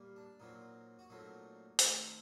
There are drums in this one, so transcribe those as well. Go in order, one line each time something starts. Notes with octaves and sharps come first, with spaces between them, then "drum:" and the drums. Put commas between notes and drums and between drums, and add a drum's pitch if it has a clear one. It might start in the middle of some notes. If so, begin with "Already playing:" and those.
Already playing: A#2 G3 A#3
D4
A#2 F#3 C4 D#4
F#4
A#2 F#3 A3 C4 D#4
D#3 A3 C4 D#4, drum: open hi-hat